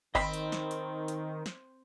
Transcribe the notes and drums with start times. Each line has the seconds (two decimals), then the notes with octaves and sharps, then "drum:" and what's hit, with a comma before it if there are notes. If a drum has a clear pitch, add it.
0.15 D#3 C4 D#5 B5 C6, drum: kick G1
0.34 drum: hi-hat
0.52 drum: snare
0.71 drum: hi-hat
1.08 drum: hi-hat
1.46 drum: snare